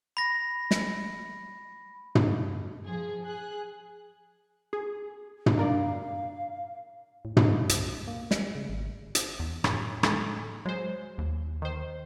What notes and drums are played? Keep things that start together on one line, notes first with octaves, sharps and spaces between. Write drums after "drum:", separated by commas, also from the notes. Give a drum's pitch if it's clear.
B5 A#6
drum: snare
drum: tom
F3 G#4
G#4 F#6
G#4
drum: tom
D4 A#4 D5 F5
A2
A2, drum: tom
C2, drum: hi-hat
A#3
G3, drum: snare
C#3
G#1
drum: hi-hat
E2
F#2 A2, drum: rim click
G#3 A4, drum: rim click
F#3 G#3 C5
D#2
D#3 C5